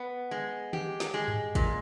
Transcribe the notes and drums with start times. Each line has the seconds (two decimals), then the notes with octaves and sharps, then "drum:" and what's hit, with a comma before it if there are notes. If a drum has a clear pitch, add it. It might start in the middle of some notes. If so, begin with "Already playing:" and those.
Already playing: B3
0.31 G#3
0.73 G4, drum: tom D#3
1.00 drum: snare
1.14 G#3
1.28 drum: tom G2
1.55 A#2, drum: kick, hi-hat